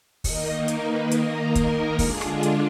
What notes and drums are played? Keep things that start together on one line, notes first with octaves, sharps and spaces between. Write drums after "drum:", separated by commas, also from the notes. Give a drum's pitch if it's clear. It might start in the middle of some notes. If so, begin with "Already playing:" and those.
D#3 A#3 D#4 D#5, drum: kick, open hi-hat
A#4
drum: hi-hat
B4
A#4, drum: hi-hat
drum: kick, hi-hat
D3 G#3 D4 F4 G#4, drum: kick, open hi-hat
drum: rim click
drum: hi-hat